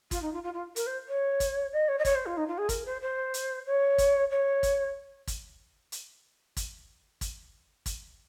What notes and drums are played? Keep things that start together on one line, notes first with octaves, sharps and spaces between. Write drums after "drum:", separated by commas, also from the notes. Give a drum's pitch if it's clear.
F4, drum: kick, hi-hat
D#4
F4
F4
F4
A#4, drum: hi-hat
C5
C#5
drum: kick, hi-hat
D#5
C#5
D#5
C#5, drum: kick, hi-hat
C5
F4
D#4
F4
G#4
A#4, drum: kick, hi-hat
C5
C5
drum: hi-hat
C#5
drum: kick, hi-hat
C#5
drum: kick, hi-hat
drum: kick, hi-hat
drum: hi-hat
drum: kick, hi-hat
drum: kick, hi-hat
drum: kick, hi-hat